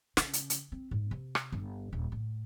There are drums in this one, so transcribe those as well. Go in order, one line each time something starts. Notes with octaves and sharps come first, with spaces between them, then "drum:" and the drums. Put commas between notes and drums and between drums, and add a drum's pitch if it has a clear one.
C#3, drum: snare
drum: hi-hat
drum: hi-hat
C4
G#2
C3
drum: rim click
G1
D#1
A2